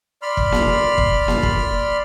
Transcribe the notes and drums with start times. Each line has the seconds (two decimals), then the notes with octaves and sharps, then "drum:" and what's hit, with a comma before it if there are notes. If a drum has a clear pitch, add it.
0.22 D5 B5 C6 F6
0.37 drum: kick
0.52 drum: snare A#3
0.98 drum: kick
1.28 drum: snare A#3
1.43 drum: kick